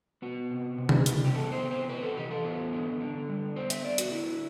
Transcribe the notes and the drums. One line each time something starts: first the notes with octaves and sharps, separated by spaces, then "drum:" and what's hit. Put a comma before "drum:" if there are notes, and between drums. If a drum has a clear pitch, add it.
B3 F#4
C3
C3
drum: tom C3
E3, drum: hi-hat
G4
B3 A4
C5
C3
C5
C3 B4
A4
E3 G4
A4
B3
D3
D3
G3
B3 C5
E5, drum: hi-hat
D3 D5
F#4, drum: hi-hat
D3 E4